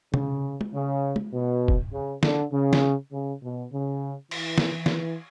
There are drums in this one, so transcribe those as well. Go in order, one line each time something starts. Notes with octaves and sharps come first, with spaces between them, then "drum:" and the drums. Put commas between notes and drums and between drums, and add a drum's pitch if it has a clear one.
C#3, drum: tom C3
drum: tom G#3
C#3
drum: tom G#3
B2
drum: kick
C#3
D3, drum: snare
C#3
drum: snare
C#3
B2
C#3
E3, drum: cymbal
drum: snare
drum: snare